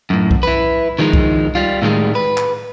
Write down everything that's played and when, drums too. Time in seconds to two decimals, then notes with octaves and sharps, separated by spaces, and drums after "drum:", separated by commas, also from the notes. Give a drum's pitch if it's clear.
0.10 F#2 A2
0.31 drum: kick B1
0.43 E4 B4
0.99 D#3 F3 G#3 D#4
1.13 drum: kick B1
1.55 G3 F4
1.82 A2 D#3 G3 G#3
2.15 B4
2.37 drum: clap